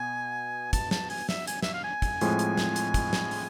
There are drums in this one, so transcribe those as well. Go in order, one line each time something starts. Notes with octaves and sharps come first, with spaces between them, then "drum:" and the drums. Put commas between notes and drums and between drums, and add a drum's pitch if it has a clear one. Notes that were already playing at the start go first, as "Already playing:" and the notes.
Already playing: B2 B3 G#5
A5, drum: kick, hi-hat
A5, drum: snare
G#5, drum: open hi-hat
E5, drum: snare
G#5, drum: hi-hat
E5, drum: snare
F5
G#5
drum: kick, hi-hat
A2 F3 G#3 C4, drum: hi-hat
drum: hi-hat
drum: snare
drum: hi-hat
drum: kick, hi-hat
drum: snare
drum: open hi-hat